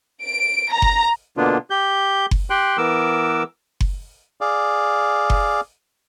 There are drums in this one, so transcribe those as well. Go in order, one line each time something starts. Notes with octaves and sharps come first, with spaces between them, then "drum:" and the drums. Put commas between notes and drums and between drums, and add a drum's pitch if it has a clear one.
D7
A#5
drum: kick F#1
B2 D3 A#3 B3 D4 F4
G4 G6
drum: kick F#1
G4 G5 C6 F#6
E3 B3 A#4 D6 E6
drum: kick F#1
G#4 D5 F5
drum: kick F#1